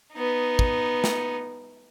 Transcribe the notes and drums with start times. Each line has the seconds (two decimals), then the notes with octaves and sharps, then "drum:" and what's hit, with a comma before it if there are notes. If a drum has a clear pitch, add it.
0.14 B3 D#4
0.59 drum: kick
1.04 drum: snare